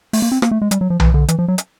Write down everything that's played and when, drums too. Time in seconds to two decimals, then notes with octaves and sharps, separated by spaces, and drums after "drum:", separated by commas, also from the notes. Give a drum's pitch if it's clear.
0.13 A3, drum: open hi-hat
0.22 A#3
0.32 C4
0.42 A#3, drum: rim click
0.51 A3
0.62 G#3
0.71 G3, drum: hi-hat
0.81 F#3
0.90 F3
1.00 E3, drum: tom B1
1.14 D3
1.28 E3, drum: hi-hat
1.39 F3
1.48 F#3
1.58 drum: hi-hat